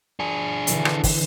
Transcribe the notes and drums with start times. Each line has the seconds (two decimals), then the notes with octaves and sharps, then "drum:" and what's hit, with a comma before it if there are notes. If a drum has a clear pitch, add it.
0.20 D4 G#4
0.67 D3 E3, drum: hi-hat
0.85 drum: rim click
1.04 drum: kick, open hi-hat